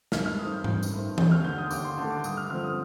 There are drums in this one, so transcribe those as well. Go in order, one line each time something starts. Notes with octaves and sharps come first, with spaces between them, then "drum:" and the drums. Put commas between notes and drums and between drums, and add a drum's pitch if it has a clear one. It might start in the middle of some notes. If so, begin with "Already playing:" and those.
G2 F6, drum: snare
F6
D#3 A3 C4 D#6
G6
G2 G6, drum: tom G#2
drum: tambourine
D#3 A3 C4
D#2 G6, drum: tom E3
F6
D3 A3 G6
D#6
D#2 D6, drum: tambourine
C6
D3 A3 A5
D6
G2 D#6, drum: tambourine
F6
D3 F3 A3 C4 F6
D#6